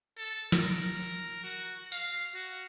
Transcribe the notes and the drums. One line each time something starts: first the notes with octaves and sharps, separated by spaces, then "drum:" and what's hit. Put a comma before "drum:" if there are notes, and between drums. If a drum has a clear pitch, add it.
A4
A#4, drum: snare
F#4
F5, drum: tambourine
F#4